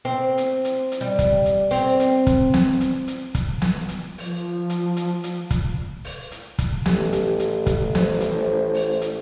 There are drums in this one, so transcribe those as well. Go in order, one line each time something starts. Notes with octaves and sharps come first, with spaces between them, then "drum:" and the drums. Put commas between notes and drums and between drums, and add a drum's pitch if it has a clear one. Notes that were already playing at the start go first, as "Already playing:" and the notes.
C4
drum: hi-hat
drum: hi-hat
drum: hi-hat
G3
drum: kick, hi-hat
drum: hi-hat
C4, drum: open hi-hat
drum: hi-hat
drum: kick, hi-hat
drum: snare
drum: hi-hat
drum: hi-hat
drum: kick, hi-hat
drum: snare
drum: hi-hat
F3, drum: open hi-hat
drum: hi-hat
drum: hi-hat
drum: hi-hat
drum: kick, hi-hat
drum: open hi-hat
drum: hi-hat
drum: kick, hi-hat
A1 G4, drum: snare
drum: hi-hat
drum: hi-hat
drum: kick, hi-hat
C5, drum: snare
drum: hi-hat
drum: open hi-hat
drum: hi-hat